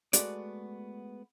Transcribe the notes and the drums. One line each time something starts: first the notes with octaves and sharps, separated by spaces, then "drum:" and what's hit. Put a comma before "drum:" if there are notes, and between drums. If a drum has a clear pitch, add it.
G#3 A3 B3 F#4 D5, drum: hi-hat